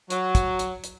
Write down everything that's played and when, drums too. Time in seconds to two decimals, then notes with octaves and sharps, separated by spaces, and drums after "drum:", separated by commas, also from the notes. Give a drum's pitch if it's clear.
0.10 F#3, drum: hi-hat
0.35 drum: kick, hi-hat
0.59 drum: hi-hat
0.84 drum: hi-hat